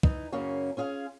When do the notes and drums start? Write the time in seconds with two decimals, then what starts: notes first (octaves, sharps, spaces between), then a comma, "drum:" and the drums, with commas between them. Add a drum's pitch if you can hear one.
0.03 E3 D#4, drum: kick
0.32 F#2 C#3 A#3 C#4
0.77 C#4 F4 G#4 F5